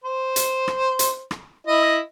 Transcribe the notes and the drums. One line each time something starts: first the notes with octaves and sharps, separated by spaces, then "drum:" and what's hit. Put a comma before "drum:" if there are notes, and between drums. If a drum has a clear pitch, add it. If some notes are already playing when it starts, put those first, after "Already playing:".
C5
drum: hi-hat
drum: rim click
drum: hi-hat
drum: rim click
E4 D#5